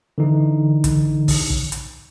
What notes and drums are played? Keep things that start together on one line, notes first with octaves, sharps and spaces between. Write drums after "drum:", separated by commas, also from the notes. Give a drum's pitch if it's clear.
D3 E3 D#4
drum: kick, hi-hat
drum: kick, open hi-hat
drum: kick
drum: hi-hat